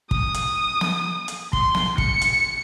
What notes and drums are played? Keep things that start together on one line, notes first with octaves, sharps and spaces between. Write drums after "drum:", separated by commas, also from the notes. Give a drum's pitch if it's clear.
D#6, drum: kick
drum: hi-hat
drum: snare
drum: hi-hat
C6, drum: kick
drum: snare
C#7, drum: kick
drum: hi-hat